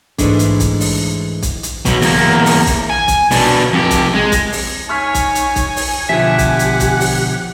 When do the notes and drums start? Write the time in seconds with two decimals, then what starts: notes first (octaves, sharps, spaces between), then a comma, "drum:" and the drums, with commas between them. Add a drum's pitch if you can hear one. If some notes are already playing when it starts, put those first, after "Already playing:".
0.18 G#2 E3 G#3 A3 D4, drum: kick, hi-hat
0.39 drum: hi-hat
0.60 drum: kick, hi-hat
0.80 drum: open hi-hat
1.42 drum: kick, hi-hat
1.63 drum: hi-hat
1.85 B2 F#3, drum: kick, hi-hat
2.02 E2 A#3, drum: open hi-hat
2.46 drum: open hi-hat
2.66 drum: kick, hi-hat
2.90 G#5
3.08 drum: kick, hi-hat
3.31 B2 D4, drum: open hi-hat
3.73 F2 G4
3.90 drum: kick, hi-hat
4.15 G#3
4.32 drum: kick, hi-hat
4.52 drum: open hi-hat
4.89 D#4 C#5 G#5 C#6 F6 B6
5.14 drum: kick, hi-hat
5.35 drum: hi-hat
5.56 drum: kick, hi-hat
5.76 drum: open hi-hat
6.09 B2 D3 F3 G4 E5 F#5
6.38 drum: kick, hi-hat
6.59 drum: hi-hat
6.80 drum: kick, hi-hat
7.00 drum: open hi-hat